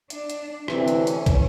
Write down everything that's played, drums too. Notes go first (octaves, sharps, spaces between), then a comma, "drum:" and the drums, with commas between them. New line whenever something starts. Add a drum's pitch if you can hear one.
D4, drum: hi-hat
drum: hi-hat
D2 C3 E3 C4, drum: rim click
drum: hi-hat
C#4
drum: hi-hat
drum: kick, hi-hat